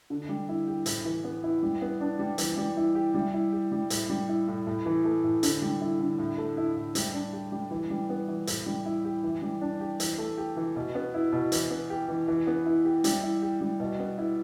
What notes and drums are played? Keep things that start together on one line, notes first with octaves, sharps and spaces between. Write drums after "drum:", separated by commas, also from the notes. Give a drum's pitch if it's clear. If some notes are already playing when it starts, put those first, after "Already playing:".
D3
G3
E4
G4
A2, drum: hi-hat
E3
B3
E4
G3
B3
D4
G3
E3, drum: hi-hat
G3
E4
G4
G3
E4
G4
G3
A2, drum: hi-hat
G3
E4
A2
A2
E3
A3
A2
D3, drum: hi-hat
G3
E4
D3
A2
A3
E4
A2
G3, drum: hi-hat
D4
G4
G3
E3
G3
B3
E3
A2, drum: hi-hat
G3
E4
G4
E3
G3
D4
G4
E3, drum: hi-hat
A3
G4
E3
B2
B3
E4
B2
E3, drum: hi-hat
B3
G4
E3
E3
B3
E4
G4
G3, drum: hi-hat
E4
G4
G3
B2
B3
E4